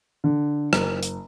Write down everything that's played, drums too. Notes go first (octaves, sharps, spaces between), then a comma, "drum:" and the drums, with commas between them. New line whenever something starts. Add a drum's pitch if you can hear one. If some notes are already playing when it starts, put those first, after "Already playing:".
D3
F#1, drum: rim click
drum: hi-hat